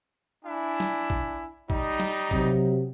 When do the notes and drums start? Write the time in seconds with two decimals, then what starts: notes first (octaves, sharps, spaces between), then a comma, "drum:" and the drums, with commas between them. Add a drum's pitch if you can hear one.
0.45 D4 E4 G#5
0.80 drum: snare
1.10 drum: kick A#1
1.70 G3 D#4, drum: kick A#1
2.00 drum: snare
2.31 C3 F#3, drum: kick A#1